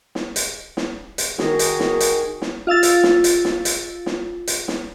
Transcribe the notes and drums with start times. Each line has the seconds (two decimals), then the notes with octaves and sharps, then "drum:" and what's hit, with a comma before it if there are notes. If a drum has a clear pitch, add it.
0.15 drum: snare
0.36 drum: hi-hat
0.77 drum: snare
1.18 drum: hi-hat
1.39 D#3 F#4 G#4, drum: snare
1.59 drum: hi-hat
1.80 drum: snare
2.00 drum: hi-hat
2.42 drum: snare
2.67 F4 F5 E6 A6
2.83 drum: hi-hat
3.03 drum: snare
3.24 drum: hi-hat
3.45 drum: snare
3.65 drum: hi-hat
4.06 drum: snare
4.47 drum: hi-hat
4.68 drum: snare